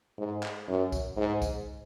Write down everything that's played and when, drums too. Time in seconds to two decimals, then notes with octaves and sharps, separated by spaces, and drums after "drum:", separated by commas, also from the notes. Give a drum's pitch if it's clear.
0.18 G#2
0.43 drum: clap
0.68 F#2
0.92 drum: kick, tambourine
1.17 G#2
1.42 drum: kick, tambourine